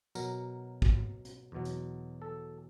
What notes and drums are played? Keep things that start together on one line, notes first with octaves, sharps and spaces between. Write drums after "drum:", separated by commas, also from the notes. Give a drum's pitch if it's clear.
B2 F#3 A#4, drum: tambourine
drum: kick
drum: hi-hat
E2 B2 F#3
drum: hi-hat
A4